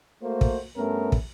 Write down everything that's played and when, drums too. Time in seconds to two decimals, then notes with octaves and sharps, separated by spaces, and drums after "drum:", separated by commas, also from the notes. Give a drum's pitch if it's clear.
0.22 A3 A#3 F#4 C5
0.41 drum: kick
0.77 G2 A3 B3 C#4 A#4
1.12 drum: kick